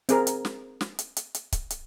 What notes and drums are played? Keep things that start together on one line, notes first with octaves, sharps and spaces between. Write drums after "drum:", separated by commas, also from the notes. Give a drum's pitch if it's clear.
C4 G#4 A#4, drum: hi-hat
drum: hi-hat
drum: snare
drum: snare
drum: hi-hat
drum: hi-hat
drum: hi-hat
drum: kick C#1, hi-hat
drum: hi-hat